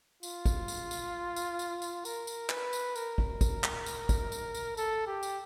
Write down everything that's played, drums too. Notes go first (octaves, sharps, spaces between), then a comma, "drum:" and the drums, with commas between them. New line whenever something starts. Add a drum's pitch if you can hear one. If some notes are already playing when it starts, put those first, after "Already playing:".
F4, drum: tambourine
drum: kick, tambourine
drum: tambourine
drum: tambourine
drum: tambourine
drum: tambourine
drum: tambourine
A#4, drum: tambourine
drum: tambourine
B4, drum: clap
drum: tambourine
A#4, drum: tambourine
drum: kick
drum: kick, tambourine
drum: clap
drum: tambourine
drum: kick, tambourine
drum: tambourine
drum: tambourine
A4, drum: tambourine
G4
drum: tambourine